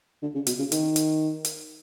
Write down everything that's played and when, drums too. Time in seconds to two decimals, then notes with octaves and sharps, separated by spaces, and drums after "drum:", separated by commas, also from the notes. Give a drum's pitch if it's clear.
0.23 D3
0.35 C#3
0.47 B2, drum: hi-hat
0.59 C#3
0.72 D#3, drum: hi-hat
0.96 drum: hi-hat
1.45 drum: hi-hat